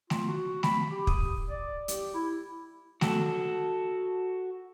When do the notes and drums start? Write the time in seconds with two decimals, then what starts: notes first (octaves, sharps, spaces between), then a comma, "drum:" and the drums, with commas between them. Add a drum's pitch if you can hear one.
0.10 F4, drum: snare
0.27 F#4
0.63 B5, drum: snare
0.89 G4
1.07 D#6, drum: kick
1.50 D5
1.88 G4, drum: hi-hat
2.14 E4
3.01 F#4 A4, drum: snare